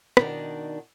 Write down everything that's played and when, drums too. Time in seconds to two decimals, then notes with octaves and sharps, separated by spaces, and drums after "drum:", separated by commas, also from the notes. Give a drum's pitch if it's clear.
0.17 B2 D#3 D4, drum: rim click